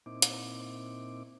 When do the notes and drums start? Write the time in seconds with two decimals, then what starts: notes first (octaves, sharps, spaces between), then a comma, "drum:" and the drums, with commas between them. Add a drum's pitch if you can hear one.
0.06 A#2 C4 D#4 E4 D6
0.22 drum: hi-hat